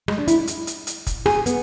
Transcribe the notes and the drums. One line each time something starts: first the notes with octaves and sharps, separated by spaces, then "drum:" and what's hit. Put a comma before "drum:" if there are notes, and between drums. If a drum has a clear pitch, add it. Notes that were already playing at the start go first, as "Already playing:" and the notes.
G#3, drum: rim click
D4
E4, drum: hi-hat
drum: hi-hat
drum: hi-hat
drum: hi-hat
drum: kick, hi-hat
G#4, drum: rim click
B3, drum: hi-hat